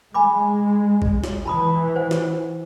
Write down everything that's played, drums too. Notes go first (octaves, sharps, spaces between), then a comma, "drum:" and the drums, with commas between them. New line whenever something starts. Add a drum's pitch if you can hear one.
G#3 G#5 B5 D6
drum: kick A1
drum: snare
E3 A5 B5 D#6
C5 F#5
drum: snare